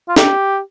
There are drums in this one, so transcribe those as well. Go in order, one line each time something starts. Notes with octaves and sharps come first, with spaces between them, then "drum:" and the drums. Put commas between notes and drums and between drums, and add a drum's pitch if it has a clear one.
F4
G4, drum: snare